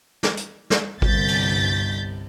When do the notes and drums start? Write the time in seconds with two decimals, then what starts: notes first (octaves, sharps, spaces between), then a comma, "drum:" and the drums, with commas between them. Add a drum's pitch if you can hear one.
0.23 drum: snare
0.37 drum: hi-hat
0.70 drum: snare
1.02 G1 C2 G6 A6 B6, drum: kick G#1
1.28 drum: cymbal